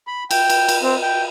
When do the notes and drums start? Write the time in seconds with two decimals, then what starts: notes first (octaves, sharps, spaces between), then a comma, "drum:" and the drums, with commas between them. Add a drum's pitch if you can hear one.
0.07 B5
0.31 G5, drum: cymbal
0.50 drum: cymbal
0.69 drum: cymbal
0.83 C4
1.02 G5